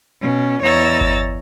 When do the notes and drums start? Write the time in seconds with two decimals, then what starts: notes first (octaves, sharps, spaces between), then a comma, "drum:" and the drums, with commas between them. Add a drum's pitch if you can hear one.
0.19 B2 C#4
0.63 E2 C#5 D#5 A#5 E6 A6
1.01 drum: kick G1